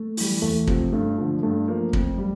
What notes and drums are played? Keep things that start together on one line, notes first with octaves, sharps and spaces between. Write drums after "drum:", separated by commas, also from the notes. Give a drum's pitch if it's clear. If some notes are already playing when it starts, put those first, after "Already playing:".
Already playing: A3
E3 G3, drum: open hi-hat
E2 A3
C3 F3 C4, drum: kick
G2 A3
D3 F3
G2 A3
F3 A#3
F2, drum: kick
G3